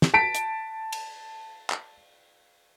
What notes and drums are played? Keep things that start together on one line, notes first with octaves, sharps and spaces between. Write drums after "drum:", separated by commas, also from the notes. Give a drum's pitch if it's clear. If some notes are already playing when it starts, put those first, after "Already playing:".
drum: snare
A5 B6 D7
drum: hi-hat
drum: cymbal
drum: clap